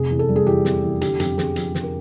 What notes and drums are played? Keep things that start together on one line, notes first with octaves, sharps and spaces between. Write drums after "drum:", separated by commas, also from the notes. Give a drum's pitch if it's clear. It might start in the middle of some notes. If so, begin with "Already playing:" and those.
Already playing: F1 C3 G#4
E2
A4
G3
G#4
E3 G4
C3, drum: snare
E2
D3 G4, drum: hi-hat
F2 G4, drum: hi-hat
F2 G#4, drum: snare
F3, drum: hi-hat
D3, drum: snare
A#4